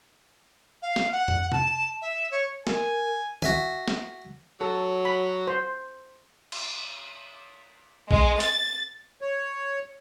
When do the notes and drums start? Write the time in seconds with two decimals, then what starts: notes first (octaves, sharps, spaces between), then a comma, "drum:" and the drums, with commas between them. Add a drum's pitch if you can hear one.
0.82 F5
0.96 drum: snare
1.12 F#5
1.28 drum: tom F2
1.52 A5, drum: tom C3
2.01 E5
2.31 C#5
2.67 A#4 G#5, drum: snare
3.42 F#4 E5 G#5, drum: tom D#3
3.88 drum: snare
4.61 F#3 A4
5.05 B5
5.47 C5
6.52 drum: cymbal
8.11 G#3, drum: kick
8.40 A6, drum: hi-hat
9.21 C#5